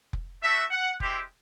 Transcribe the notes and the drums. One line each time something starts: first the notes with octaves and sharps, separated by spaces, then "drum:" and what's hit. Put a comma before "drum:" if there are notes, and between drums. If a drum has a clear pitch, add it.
drum: kick F1
A3 D4 F#4 E5
F#5
G#3 C4 E4 G4, drum: kick F1